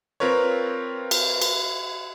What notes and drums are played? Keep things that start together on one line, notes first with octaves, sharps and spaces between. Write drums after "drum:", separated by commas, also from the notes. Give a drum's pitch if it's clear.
C4 F4 A#4 B4 C#5
drum: cymbal
drum: cymbal